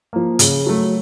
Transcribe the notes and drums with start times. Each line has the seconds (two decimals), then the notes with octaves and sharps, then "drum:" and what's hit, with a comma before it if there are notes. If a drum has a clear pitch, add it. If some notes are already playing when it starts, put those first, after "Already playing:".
0.13 F3 A#3
0.39 C#3, drum: hi-hat
0.66 F#3 A3